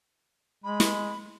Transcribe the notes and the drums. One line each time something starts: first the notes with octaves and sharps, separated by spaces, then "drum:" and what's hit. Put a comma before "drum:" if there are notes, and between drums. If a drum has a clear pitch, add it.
G#3 B5
drum: snare